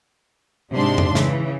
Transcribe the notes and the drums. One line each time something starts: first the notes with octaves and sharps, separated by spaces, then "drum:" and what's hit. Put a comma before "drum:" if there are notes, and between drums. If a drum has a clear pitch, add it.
G#2 C3 G#3 D4 C6
drum: tom F2
C#3 E3, drum: snare